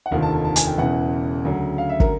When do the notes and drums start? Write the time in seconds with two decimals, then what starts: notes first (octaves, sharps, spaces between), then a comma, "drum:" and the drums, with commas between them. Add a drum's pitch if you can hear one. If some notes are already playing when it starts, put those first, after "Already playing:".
0.06 F#5
0.11 F1 D#2 D3 F3 F5
0.22 A5
0.34 A5
0.45 A5
0.56 G#5, drum: hi-hat
0.66 G5
0.78 E1 E2 C#3 E3 F#5
1.45 D2 C#3 F#3
1.78 F5
1.89 E5
2.00 A#4, drum: kick